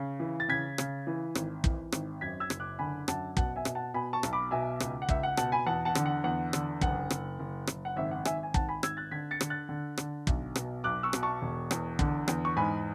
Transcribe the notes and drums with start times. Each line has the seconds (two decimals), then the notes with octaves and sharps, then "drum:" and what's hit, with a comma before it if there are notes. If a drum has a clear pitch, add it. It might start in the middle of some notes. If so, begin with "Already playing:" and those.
Already playing: C#3
0.20 E3
0.40 A6
0.48 C#3 G#6 B6
0.78 C#3, drum: rim click
1.07 E3
1.35 G#1, drum: rim click
1.64 E3, drum: kick
1.92 G#1, drum: rim click
2.21 F#2 G#6 B6
2.40 E6 G#6
2.50 F#1, drum: rim click
2.60 D6 F#6
2.79 D3 G#5 B5
3.08 F#2 F#5 A5, drum: rim click
3.37 B2 F#5 A5, drum: kick
3.56 E5 G#5
3.65 B2, drum: rim click
3.75 F#5 A5
3.94 B2 G#5 B5
4.13 A5 C#6
4.23 B1, drum: rim click
4.33 B5 D6
4.51 B2 E5 G#5
4.80 C#2, drum: rim click
5.02 F#5
5.09 C#2 E5, drum: kick
5.23 F#5
5.37 B2 F#5 A5, drum: rim click
5.52 G#5 B5
5.66 E2 F#5 A5
5.85 F#5 A5
5.95 D3, drum: rim click
6.06 F#5
6.24 E2 F#5
6.53 D3, drum: rim click
6.81 F#1 F#5, drum: kick
7.10 F#1, drum: rim click
7.40 F#1
7.67 F#1, drum: rim click
7.85 F#5
7.96 G#1 E5
8.11 F#5
8.25 G#1 E5 G#5, drum: rim click
8.43 G#5
8.54 G#1 F#5 A5, drum: kick
8.68 G#5 B5
8.83 G#1 E6 G#6, drum: rim click
8.97 F#6 A6
9.11 D3 G#6 B6
9.31 A6 C#7
9.41 D3, drum: rim click
9.50 F#6 A6
9.69 D3
9.97 D3, drum: rim click
10.27 B1, drum: kick
10.56 B2, drum: rim click
10.84 B1 D6 F#6
11.03 C#6 E6
11.13 B2, drum: rim click
11.23 A5 C#6
11.41 E1
11.71 E2, drum: rim click
11.99 D3, drum: kick
12.28 E2, drum: rim click
12.45 C#6
12.56 G#2 G#5 B5